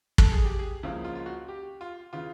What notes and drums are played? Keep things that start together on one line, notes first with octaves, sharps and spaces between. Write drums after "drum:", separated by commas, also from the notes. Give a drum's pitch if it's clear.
A4, drum: kick
G#4
G4
G#4
C#2 C#3 F3 A#3 E4
F4
F4
F#4
G4
F4
C#3 E3 F4